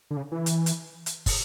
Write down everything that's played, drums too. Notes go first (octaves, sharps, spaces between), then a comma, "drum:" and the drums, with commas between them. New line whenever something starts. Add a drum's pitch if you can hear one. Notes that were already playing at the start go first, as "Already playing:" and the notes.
D3
C#3
E3
drum: hi-hat
drum: hi-hat
drum: hi-hat
drum: kick, open hi-hat